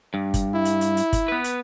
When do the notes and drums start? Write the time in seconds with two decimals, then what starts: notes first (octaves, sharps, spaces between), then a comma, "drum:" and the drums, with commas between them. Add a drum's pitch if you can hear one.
0.14 G2
0.34 drum: kick G1, hi-hat
0.55 E4
0.65 drum: hi-hat
0.81 drum: hi-hat
0.97 drum: hi-hat
1.13 drum: kick G1, hi-hat
1.28 B3 B4
1.44 drum: hi-hat